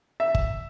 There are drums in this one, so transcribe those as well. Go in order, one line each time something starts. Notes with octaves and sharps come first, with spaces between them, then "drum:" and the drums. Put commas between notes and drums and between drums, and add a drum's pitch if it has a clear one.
E5
drum: kick G1